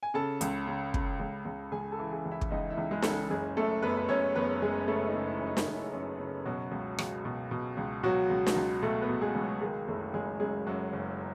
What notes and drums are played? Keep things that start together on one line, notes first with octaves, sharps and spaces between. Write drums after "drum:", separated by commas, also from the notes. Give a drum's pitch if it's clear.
G#5
C#3 A4 A5
C#2, drum: hi-hat
C#3
C#3, drum: kick
C#2
C#2
C#2 G#4 G#5
A4 A5
E3
G#4 G#5
C#2
E4 E5
drum: kick
C#2 D#4 D#5
E4 E5
C#2
G#3 G#4
C#3 A4, drum: snare
G#3 G#4
F#1 G#3 G#4
F#2 A3 A4
F#2 B3 B4
B4
F#2 C#4 C#5
F#1 B3 B4
F#1 G#3 G#4
C#3 A3 A4
D#4
C#3
E4
F#2
D#4
drum: snare
F#1 E4
F#2
C#3
B2 F#3 F#4
C#2
C#2, drum: rim click
B2
B2
C#2
B2 F#3 F#4
C#2
drum: snare
C#2
B2 A3 A4
B3 B4
B2
G#3 G#4
C#2
F#3 F#4
D#3 G#3 G#4
F#1 A3 A4
F#1 G#3 G#4
F#2 G#3 G#4
F#2 F#3 F#4
F#1